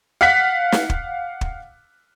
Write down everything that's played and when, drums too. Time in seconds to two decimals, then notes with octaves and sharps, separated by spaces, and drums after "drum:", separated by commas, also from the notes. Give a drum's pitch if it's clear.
0.21 F5 F#5 F#6 B6
0.72 drum: snare
0.90 drum: kick
1.41 drum: kick